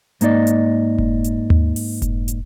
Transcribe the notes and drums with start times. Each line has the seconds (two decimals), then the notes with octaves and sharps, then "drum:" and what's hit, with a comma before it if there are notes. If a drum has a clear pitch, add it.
0.21 G#2 A#3 D#4 D5 D#5, drum: hi-hat
0.47 drum: hi-hat
0.98 drum: kick F1
1.24 drum: hi-hat
1.50 drum: tom D#2
1.76 drum: open hi-hat
2.02 drum: kick F1, hi-hat
2.28 drum: hi-hat